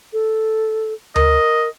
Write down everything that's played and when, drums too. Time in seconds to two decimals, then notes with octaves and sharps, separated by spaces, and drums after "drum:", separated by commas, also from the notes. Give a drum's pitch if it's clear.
0.13 A4
1.16 A#4 D#5, drum: tom D2